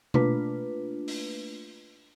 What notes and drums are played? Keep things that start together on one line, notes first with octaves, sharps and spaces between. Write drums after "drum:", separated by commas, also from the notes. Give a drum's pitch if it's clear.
A3 A#3 D4 F4 B4, drum: tom B2
drum: open hi-hat